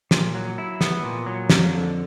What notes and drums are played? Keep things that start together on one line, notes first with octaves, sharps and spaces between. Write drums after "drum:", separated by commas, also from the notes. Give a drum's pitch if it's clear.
A#2, drum: snare
F#3
E4
B3, drum: snare
A#2
F#3
F2, drum: snare
D3